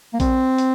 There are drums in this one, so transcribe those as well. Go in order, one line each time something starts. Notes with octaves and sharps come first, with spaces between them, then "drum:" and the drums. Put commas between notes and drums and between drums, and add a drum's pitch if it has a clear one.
A#3
C4, drum: kick A#1, hi-hat
drum: hi-hat